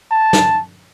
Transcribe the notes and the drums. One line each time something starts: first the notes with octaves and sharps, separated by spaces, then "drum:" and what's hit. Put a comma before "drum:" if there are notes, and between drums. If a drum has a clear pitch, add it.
A5
drum: snare